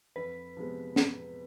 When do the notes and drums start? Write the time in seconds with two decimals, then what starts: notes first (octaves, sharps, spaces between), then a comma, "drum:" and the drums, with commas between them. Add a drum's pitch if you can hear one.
0.16 F2 B4
0.57 C3 F3 G#3 B3
0.96 F2, drum: snare